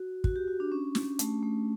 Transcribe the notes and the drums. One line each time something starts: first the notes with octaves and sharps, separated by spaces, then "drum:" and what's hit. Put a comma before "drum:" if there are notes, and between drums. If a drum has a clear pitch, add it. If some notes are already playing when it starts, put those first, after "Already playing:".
Already playing: F#4
F#4, drum: kick
G4
F#4
D4
C#4
C#4, drum: snare
A3, drum: hi-hat
A3